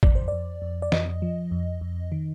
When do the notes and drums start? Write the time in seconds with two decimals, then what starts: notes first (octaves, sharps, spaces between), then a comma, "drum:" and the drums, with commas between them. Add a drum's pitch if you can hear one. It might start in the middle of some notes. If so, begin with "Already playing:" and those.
0.03 F2 D5, drum: kick
0.15 C5
0.28 F2 D5
0.62 F2
0.82 D5
0.92 F2 D#5, drum: snare
1.22 F3
1.51 F2
1.81 F2
2.12 D#3